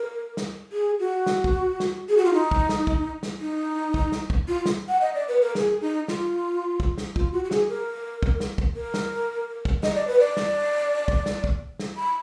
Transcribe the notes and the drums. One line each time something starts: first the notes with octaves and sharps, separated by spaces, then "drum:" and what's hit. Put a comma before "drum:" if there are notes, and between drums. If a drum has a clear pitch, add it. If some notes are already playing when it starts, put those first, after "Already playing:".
Already playing: A#4
drum: snare
G#4
F#4
drum: snare
drum: kick
drum: snare
G#4
F#4
F4
D#4
drum: kick
drum: snare
drum: kick
drum: snare
D#4
drum: kick
drum: snare
drum: kick
F4
drum: snare
F#5
D#5
D5
B4
A#4
G#4, drum: snare
D#4
F4, drum: snare
drum: kick
drum: snare
F4, drum: kick
F#4
F#4
G#4, drum: snare
A#4
drum: kick
drum: snare
drum: kick
A#4
drum: snare
drum: kick
D#5, drum: snare
D5
B4
D5
drum: snare
drum: kick
drum: snare
drum: kick
drum: snare
B5